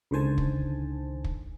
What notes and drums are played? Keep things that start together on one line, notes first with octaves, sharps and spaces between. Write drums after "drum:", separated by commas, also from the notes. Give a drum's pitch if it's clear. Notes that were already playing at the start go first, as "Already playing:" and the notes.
C#2 D3 D#3 C5 G#5 A5
drum: kick
drum: kick